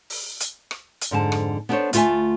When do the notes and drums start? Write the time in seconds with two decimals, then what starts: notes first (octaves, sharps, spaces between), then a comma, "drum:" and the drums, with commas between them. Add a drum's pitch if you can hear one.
0.10 drum: open hi-hat
0.40 drum: hi-hat
0.71 drum: rim click
1.01 drum: hi-hat
1.11 F2 G#2 D3 A5
1.32 drum: rim click
1.69 B3 D4 A4 A#4 C5 C#5
1.93 D2 A3 F4 D5 E5 G#5, drum: hi-hat